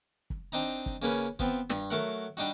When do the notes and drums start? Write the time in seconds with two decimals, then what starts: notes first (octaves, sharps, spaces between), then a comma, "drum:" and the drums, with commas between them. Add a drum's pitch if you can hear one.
0.30 drum: kick
0.52 C4 D4 D#4 A#5
0.86 drum: kick
1.02 C#3 A#3 C#4 B4
1.39 F3 B3 C4, drum: kick
1.70 G2, drum: snare
1.90 F#3 A3 A#4 F#5
2.37 G3 D4 D#4 F#4